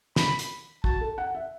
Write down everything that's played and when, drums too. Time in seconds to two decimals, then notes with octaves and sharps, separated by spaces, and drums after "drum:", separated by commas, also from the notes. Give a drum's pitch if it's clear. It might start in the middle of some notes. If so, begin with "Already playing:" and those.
0.16 B5, drum: snare
0.39 drum: hi-hat
0.84 F#4 A5, drum: kick
1.01 A4
1.18 F#5
1.35 E5